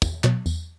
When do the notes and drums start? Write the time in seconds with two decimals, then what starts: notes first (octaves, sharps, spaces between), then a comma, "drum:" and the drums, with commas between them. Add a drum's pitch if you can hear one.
0.02 E2, drum: kick, tambourine
0.24 B2 F#3, drum: clap
0.46 E2, drum: tambourine